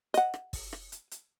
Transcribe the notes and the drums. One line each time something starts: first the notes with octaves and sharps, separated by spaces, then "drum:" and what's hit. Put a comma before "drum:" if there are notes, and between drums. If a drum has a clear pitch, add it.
D#5 F#5, drum: hi-hat
drum: rim click
drum: kick, open hi-hat
drum: rim click
drum: hi-hat
drum: hi-hat